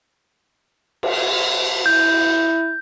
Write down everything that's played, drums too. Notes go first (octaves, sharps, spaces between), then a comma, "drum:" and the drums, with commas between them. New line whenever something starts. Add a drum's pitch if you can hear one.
drum: cymbal
E4 G6